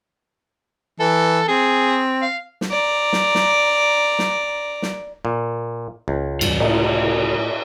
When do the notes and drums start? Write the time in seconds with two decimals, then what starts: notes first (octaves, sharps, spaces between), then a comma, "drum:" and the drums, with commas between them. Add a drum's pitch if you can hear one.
1.00 E3 A4
1.48 C4 G#4
2.22 F5
2.61 drum: snare
2.71 D5 A#5
3.13 drum: snare
3.35 drum: snare
4.19 drum: snare
4.82 drum: snare
5.25 A#2
6.08 C#2
6.41 E2 G2 F4 F#4 D5, drum: cymbal
6.60 A2, drum: cymbal